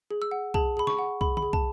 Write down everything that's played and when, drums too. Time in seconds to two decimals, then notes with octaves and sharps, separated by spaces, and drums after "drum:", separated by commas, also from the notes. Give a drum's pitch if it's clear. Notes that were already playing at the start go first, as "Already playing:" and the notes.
0.11 G#4
0.22 E6
0.31 F#5
0.54 G#4 A5, drum: kick
0.77 G#4 B5
0.87 C#6, drum: snare
0.99 F#5
1.21 G#4 B5, drum: kick
1.37 B5, drum: tom D3
1.42 G#4
1.53 A5, drum: kick